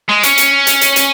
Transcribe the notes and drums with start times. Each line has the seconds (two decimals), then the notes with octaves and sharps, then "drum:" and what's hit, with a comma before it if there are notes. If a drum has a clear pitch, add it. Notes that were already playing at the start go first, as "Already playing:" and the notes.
0.09 G#3
0.23 C#4, drum: hi-hat
0.38 drum: hi-hat
0.67 drum: hi-hat
0.81 drum: hi-hat
0.96 drum: hi-hat